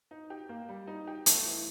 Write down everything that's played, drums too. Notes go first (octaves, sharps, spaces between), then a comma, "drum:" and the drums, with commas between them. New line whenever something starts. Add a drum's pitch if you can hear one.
D#4
G4
A#3
G3
D#4
G4
A3, drum: hi-hat
E3